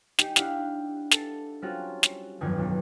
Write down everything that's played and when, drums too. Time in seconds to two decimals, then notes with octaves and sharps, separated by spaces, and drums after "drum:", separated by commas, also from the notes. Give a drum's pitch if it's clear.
0.19 D#4 G4 D#7, drum: snare
0.36 D4 E4 G4 F5 F#5, drum: snare
1.11 A4, drum: snare
1.62 G3 C4 C#4 F4 F#4
2.03 drum: snare
2.41 G1 F2 D#3 F#3 D#4 G#6
2.58 B1